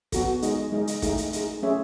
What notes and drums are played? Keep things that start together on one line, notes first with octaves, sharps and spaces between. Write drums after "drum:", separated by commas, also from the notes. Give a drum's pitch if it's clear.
B3 F#4 A4, drum: kick, hi-hat
G#3 D#4 G#4 D#5, drum: hi-hat
G#3 D#4 G#4 D#5
drum: hi-hat
A3 D#4 G#4, drum: kick, hi-hat
drum: hi-hat
A3 D#4 G#4, drum: hi-hat
A3 C#4 G#4 C#5 E5